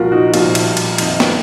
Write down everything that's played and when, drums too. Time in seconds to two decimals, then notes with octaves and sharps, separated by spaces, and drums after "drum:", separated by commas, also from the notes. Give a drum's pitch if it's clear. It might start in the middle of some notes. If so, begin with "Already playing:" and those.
Already playing: C2 A#2 F3 F4 F#4 A#4
0.12 D#4 F#4
0.34 C2 A#2 F3 F4, drum: cymbal
0.55 drum: cymbal
0.77 drum: cymbal
0.98 F2 D#3 D#4, drum: cymbal
1.20 drum: snare